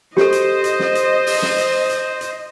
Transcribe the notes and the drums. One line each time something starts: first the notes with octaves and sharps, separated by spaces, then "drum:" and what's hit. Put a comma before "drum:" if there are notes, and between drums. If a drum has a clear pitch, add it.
G4 A4 C5 D#5, drum: snare
drum: hi-hat
drum: hi-hat
drum: snare
drum: hi-hat
drum: open hi-hat
drum: snare
drum: hi-hat
drum: hi-hat
drum: hi-hat